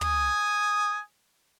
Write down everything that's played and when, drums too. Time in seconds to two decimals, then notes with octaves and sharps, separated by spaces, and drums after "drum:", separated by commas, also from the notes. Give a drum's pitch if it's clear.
0.01 G#5 D#6, drum: tom